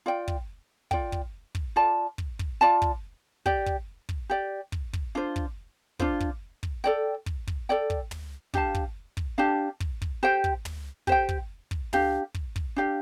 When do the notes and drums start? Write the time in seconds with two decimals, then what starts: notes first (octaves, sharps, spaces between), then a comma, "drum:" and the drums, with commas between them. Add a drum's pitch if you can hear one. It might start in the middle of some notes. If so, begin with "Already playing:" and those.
0.06 F4 D5 G5
0.28 drum: kick
0.91 F4 D5 G5, drum: kick
1.12 drum: kick
1.55 drum: kick
1.76 F4 D5 A5
2.18 drum: kick
2.39 drum: kick
2.61 F4 D5 A5
2.82 drum: kick
3.46 G4 D5 G5, drum: kick
3.66 drum: kick
4.09 drum: kick
4.30 G4 D5 G5
4.72 drum: kick
4.93 drum: kick
5.15 D4 F4 C5
5.36 drum: kick
5.99 D4 F4 C5, drum: kick
6.20 drum: kick
6.63 drum: kick
6.84 A4 D5 G5
7.26 drum: kick
7.47 drum: kick
7.69 A4 D5 G5
7.90 drum: kick
8.11 drum: tom
8.54 D4 G4 F5 A5, drum: kick
8.75 drum: kick
9.17 drum: kick
9.38 D4 G4 F5 A5
9.80 drum: kick
10.02 drum: kick
10.23 G4 C5 G5
10.44 drum: kick
10.65 drum: tom
11.07 G4 C5 G5, drum: kick
11.29 drum: kick
11.71 drum: kick
11.93 D4 G4 F5, drum: tom
12.34 drum: kick
12.56 drum: kick
12.76 D4 G4 F5